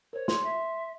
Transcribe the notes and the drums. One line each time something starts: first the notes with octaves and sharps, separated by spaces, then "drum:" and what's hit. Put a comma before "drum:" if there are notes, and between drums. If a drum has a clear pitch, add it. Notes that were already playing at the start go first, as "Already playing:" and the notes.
A#4 C5 C#5
C6, drum: snare
E5